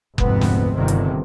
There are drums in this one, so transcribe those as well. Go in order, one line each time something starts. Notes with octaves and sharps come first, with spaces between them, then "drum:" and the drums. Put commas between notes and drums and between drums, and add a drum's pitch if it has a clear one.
F1 D2 G#2 B3 C4, drum: kick F#1
drum: snare
G1 G2 C3 D#3
drum: hi-hat